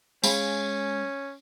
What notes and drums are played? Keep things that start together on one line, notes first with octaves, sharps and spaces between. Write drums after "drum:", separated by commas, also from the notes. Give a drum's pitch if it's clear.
G#3 C#4 F5 B5, drum: tambourine